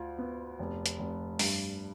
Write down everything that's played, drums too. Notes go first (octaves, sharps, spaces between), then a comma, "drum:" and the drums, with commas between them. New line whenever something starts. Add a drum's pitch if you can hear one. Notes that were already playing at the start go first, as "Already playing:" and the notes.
Already playing: D2 F4
B3
F1
drum: hi-hat
F1
G2, drum: open hi-hat